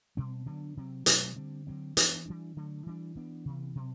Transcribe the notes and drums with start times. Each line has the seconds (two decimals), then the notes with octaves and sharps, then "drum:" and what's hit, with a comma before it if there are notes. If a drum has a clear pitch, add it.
0.17 B2 G3 C4
0.46 D3 F#3 B3 D4
0.77 C3 F#3 C4
1.06 B2 F#3 A3 C4, drum: hi-hat
1.36 D3 G3 C4
1.67 D3 F#3 C4
1.97 E3 B3 D4, drum: hi-hat
2.26 E3 G3 D4
2.57 D3 F#3 A3
2.86 E3 G3 D4
3.15 E3 B3 D4
3.45 C3 E3 B3
3.75 B2 F#3 C4